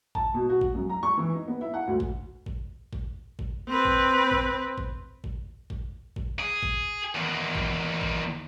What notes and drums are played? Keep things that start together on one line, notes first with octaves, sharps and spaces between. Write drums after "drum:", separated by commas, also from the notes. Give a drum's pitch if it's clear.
A5, drum: kick A1
B2
F#4
drum: kick A1
F#2
A#5
C#6
E3
D#4
B3
E4
F#5
D2
drum: kick A1
drum: kick A1
drum: kick A1
drum: kick A1
C4 B4
drum: kick A1
drum: kick A1
drum: kick A1
drum: kick A1
drum: kick A1
drum: kick A1
G#4
drum: kick A1
E2 D#3
drum: kick A1
drum: kick A1